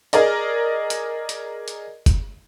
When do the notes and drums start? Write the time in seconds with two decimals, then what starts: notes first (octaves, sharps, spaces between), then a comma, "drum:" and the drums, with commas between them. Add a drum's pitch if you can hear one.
0.13 G#4 A#4 D5 D#5, drum: hi-hat
0.90 drum: hi-hat
1.29 drum: hi-hat
1.68 drum: hi-hat
2.06 drum: kick F#1, hi-hat